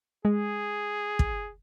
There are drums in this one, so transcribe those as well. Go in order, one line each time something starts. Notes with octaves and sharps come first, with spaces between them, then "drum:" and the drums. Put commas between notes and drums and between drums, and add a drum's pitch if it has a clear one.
G#3 G#4
drum: kick